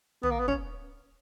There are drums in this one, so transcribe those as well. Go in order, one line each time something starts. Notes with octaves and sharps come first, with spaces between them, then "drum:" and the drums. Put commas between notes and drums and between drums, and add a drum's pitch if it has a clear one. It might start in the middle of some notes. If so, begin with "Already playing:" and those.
B3, drum: tom
A#3
B3
C#4, drum: kick